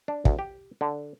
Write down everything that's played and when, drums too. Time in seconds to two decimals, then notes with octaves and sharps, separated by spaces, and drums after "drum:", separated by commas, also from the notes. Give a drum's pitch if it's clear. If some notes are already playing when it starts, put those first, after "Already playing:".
0.08 D4
0.25 D2, drum: kick
0.39 G4
0.81 D3